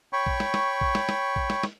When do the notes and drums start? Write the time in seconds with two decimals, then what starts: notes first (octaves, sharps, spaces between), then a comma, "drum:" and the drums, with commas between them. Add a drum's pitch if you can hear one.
0.13 C#5 G5 B5 C#6
0.26 drum: kick A#1
0.40 drum: snare
0.54 drum: snare
0.81 drum: kick A#1
0.95 drum: snare
1.09 drum: snare
1.36 drum: kick A#1
1.50 drum: snare
1.63 drum: snare